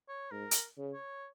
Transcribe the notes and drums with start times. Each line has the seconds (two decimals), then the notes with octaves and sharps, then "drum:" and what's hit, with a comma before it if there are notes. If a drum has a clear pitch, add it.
0.09 C#5
0.31 G#2 A#4
0.51 drum: hi-hat
0.78 C#3
0.93 C#5